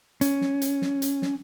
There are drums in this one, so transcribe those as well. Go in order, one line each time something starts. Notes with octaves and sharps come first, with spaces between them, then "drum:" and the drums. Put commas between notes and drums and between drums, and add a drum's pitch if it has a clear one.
C#4, drum: hi-hat
drum: snare
drum: hi-hat
drum: snare
drum: hi-hat
drum: snare